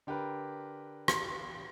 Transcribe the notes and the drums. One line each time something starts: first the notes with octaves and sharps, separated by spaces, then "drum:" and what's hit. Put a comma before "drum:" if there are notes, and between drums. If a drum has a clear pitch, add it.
D3 G4 A#4 B4
drum: rim click